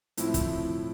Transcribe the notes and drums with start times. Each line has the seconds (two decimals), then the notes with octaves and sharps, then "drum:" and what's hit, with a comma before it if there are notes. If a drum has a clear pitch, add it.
0.17 A2 F3 C4 E4, drum: hi-hat
0.34 drum: kick, hi-hat